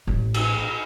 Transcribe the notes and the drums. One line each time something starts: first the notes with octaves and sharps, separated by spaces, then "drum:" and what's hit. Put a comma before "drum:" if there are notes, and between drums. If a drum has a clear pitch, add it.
A1 A2
drum: cymbal